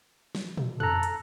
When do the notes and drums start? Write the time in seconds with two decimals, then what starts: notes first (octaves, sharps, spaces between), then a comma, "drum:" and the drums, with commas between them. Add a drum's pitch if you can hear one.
0.35 drum: snare
0.57 drum: tom
0.80 A4 A#5 F#6, drum: tom F2
1.03 drum: hi-hat